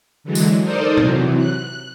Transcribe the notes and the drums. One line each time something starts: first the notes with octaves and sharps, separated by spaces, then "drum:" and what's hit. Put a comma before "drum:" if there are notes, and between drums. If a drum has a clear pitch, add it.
D3 E3 F#3 G#3
drum: tambourine
D#4 A4 A#4 C5 D5 D#5
C3 E3 F#3, drum: tom A#2
F#6